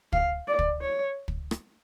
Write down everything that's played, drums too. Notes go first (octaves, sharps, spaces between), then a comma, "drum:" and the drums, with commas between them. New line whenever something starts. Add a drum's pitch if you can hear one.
F5, drum: kick
D5
drum: kick
C#5
drum: kick
drum: rim click